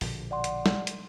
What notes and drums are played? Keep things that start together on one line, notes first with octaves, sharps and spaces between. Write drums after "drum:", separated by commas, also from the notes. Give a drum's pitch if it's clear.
A#1 B2 D3, drum: open hi-hat
D5 F#5 C6
drum: hi-hat
drum: snare
drum: hi-hat